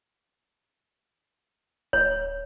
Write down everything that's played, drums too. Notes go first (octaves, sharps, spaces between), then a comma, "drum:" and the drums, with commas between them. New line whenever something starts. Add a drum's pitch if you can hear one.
C#5, drum: kick D1